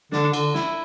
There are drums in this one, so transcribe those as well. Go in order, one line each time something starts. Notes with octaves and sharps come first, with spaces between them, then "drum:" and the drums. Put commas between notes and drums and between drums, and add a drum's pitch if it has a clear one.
D3 D4, drum: snare
D3, drum: cymbal
E4, drum: snare